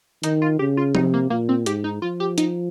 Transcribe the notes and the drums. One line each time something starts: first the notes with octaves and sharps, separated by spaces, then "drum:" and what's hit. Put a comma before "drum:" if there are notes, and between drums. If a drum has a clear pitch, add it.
D#3 D#4, drum: hi-hat
F4
C#3 G4
F4
C3 D#4, drum: tom F3
A#3
A#2 A#3
C4
G#2 G4, drum: hi-hat
D#4
F3 F4
G4
D#4, drum: hi-hat